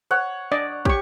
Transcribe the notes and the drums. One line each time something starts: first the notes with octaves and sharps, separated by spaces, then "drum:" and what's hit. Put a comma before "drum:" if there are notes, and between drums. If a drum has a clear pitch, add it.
C#5 F#5
D4 D5 D#5
G4 C#5 C#6, drum: kick